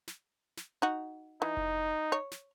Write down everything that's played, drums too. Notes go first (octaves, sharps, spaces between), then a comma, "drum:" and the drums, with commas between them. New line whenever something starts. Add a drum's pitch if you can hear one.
drum: snare
drum: snare
D#4 F#4
E3 D#4
drum: kick F1
C#5
drum: snare